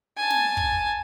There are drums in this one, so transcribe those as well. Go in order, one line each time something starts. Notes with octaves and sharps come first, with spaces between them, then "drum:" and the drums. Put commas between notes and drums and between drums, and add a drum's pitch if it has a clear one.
G#5 A5
drum: snare
drum: kick